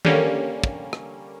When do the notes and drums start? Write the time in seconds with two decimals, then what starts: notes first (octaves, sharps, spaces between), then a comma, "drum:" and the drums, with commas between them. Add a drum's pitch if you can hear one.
0.05 D3 G3 A#3 C#4, drum: tom D#3
0.64 drum: kick
0.93 drum: rim click